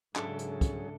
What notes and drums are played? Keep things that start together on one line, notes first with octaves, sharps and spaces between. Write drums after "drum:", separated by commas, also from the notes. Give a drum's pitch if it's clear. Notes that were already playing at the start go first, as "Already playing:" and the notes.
G#2 C#3 F#3 C#4 D4 G#4 A4 E5, drum: clap
drum: hi-hat
drum: kick, hi-hat